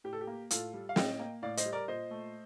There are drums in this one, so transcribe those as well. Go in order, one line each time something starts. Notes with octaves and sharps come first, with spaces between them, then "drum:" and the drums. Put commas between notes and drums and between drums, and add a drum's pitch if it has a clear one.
A2 G4
A4
G4
A#3
A2 F4 A4, drum: hi-hat
G3
F5
A2 D#5 G5, drum: snare
A#3
A2 D5 F5
C5 D#5, drum: hi-hat
G3
A#4 D5
A#2 C5 D#5
A3